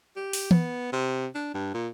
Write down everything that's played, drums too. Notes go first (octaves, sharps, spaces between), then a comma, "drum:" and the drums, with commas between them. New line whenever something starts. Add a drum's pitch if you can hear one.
G4
drum: open hi-hat
B3, drum: tom
C3
D4
G2
A#2